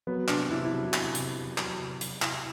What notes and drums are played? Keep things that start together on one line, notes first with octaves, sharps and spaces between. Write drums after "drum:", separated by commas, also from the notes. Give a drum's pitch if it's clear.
F#3 B3
C3 D4, drum: clap
C3 E4
E4
F#3
C3, drum: clap
C3, drum: hi-hat
F#3
F#3, drum: clap
C3
F#3, drum: hi-hat
C3 E4, drum: clap